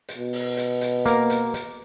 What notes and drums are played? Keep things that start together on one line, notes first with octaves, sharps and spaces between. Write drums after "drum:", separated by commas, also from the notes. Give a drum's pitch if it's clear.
drum: hi-hat
B2
drum: open hi-hat
drum: hi-hat
drum: hi-hat
A#3 A#4, drum: hi-hat
drum: hi-hat
drum: hi-hat